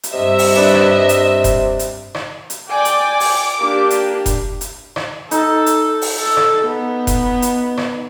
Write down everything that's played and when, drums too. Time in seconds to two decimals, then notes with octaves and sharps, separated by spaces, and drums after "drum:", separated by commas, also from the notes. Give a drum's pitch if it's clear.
0.03 drum: hi-hat
0.13 G2 C3 D#5 E5
0.39 drum: open hi-hat
0.56 D4 B4 D5
0.74 drum: rim click
1.09 drum: hi-hat
1.44 drum: kick F1, hi-hat
1.79 drum: hi-hat
2.15 drum: rim click
2.50 drum: hi-hat
2.69 D5 G5 G#5 D6
2.85 drum: hi-hat
3.20 drum: open hi-hat
3.59 A#3 D4 G4
3.90 drum: hi-hat
4.26 drum: kick F1, hi-hat
4.61 drum: hi-hat
4.96 drum: rim click
5.31 D#4 A4, drum: hi-hat
5.66 drum: hi-hat
6.02 drum: open hi-hat
6.19 A4
6.37 drum: rim click
6.65 B3
7.07 drum: kick F1, hi-hat
7.42 drum: hi-hat
7.77 drum: rim click